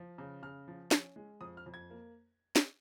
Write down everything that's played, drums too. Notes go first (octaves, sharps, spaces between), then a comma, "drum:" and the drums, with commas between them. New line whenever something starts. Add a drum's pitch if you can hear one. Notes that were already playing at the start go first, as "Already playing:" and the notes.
Already playing: F3
C#3
C#3 F6
F3
C#4, drum: snare
G#3
F2 D#6
F6
F2
G#6
A#3
drum: snare